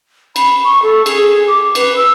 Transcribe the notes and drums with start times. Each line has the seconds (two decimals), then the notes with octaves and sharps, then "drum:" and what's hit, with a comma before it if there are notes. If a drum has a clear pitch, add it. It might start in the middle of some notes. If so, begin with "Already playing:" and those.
0.36 B5, drum: cymbal
0.64 C#6
0.82 A4
1.06 G#4, drum: cymbal
1.48 D6
1.75 B4, drum: cymbal
1.96 E6